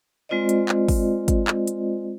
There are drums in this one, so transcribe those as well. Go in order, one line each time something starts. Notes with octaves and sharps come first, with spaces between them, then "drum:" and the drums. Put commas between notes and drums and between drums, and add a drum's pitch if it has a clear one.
G#3 C4 F4 C5 D5 D#5
drum: hi-hat
drum: clap
drum: kick, open hi-hat
drum: kick, hi-hat
drum: clap
drum: hi-hat